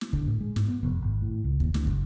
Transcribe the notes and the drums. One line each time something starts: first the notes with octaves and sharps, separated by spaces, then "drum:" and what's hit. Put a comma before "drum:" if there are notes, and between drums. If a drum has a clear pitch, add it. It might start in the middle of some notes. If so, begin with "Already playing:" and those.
drum: snare
D3, drum: kick
A2
G#3
G#2, drum: snare
B3
F1
G#1
A2
C#2
D#2, drum: kick
D2, drum: snare
F#1, drum: kick